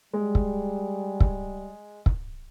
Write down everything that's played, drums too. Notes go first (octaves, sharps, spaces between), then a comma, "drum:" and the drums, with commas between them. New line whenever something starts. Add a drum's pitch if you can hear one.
G3 G#3
drum: kick
drum: kick
drum: kick